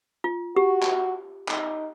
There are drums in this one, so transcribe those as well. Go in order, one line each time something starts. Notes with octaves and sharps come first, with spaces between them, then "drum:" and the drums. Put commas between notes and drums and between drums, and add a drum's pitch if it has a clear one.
F4
F#4 G4
drum: clap
D#4, drum: clap